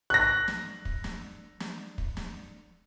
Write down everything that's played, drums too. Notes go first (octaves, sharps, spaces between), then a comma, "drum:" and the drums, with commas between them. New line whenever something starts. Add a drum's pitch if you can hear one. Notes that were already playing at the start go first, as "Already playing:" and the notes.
F#6 A#6
drum: snare
drum: kick
drum: snare
drum: snare
drum: kick
drum: snare